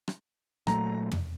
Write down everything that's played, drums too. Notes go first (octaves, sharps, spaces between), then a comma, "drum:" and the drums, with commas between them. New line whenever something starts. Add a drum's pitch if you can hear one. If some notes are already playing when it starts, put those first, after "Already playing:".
drum: rim click
A#2 F#3 A3 A#5, drum: rim click
drum: tom